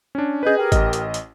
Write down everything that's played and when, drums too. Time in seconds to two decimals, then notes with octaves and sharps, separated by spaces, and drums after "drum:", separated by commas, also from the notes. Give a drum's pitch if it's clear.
0.15 C#4 D4
0.43 C#4 G#4 B4 D#5 G6
0.56 G4 A#4 G5
0.72 A1 D#5, drum: kick G#1, hi-hat
0.93 drum: hi-hat
1.14 drum: hi-hat